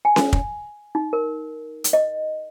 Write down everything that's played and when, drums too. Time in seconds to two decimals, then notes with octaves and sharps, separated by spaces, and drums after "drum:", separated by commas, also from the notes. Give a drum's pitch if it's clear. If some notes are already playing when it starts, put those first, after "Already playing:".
0.05 G#5
0.16 drum: snare C#4
0.33 drum: kick
0.95 D#4
1.13 A#4
1.84 drum: hi-hat
1.93 D#5